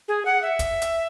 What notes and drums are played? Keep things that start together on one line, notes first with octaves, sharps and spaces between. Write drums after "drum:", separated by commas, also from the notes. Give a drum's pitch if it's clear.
G#4
F#5
E5
drum: kick, hi-hat
drum: hi-hat